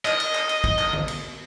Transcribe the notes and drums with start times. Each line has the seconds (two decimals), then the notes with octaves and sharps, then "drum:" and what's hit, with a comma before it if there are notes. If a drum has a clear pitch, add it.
0.05 D#5, drum: clap
0.20 drum: cymbal
0.35 drum: clap
0.49 drum: cymbal
0.64 drum: kick
0.79 drum: clap
0.93 drum: tom D3
1.08 drum: cymbal